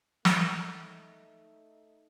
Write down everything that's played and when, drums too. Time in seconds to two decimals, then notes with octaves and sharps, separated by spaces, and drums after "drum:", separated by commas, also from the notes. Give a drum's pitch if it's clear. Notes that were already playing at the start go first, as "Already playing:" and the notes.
0.25 A3 D#4, drum: snare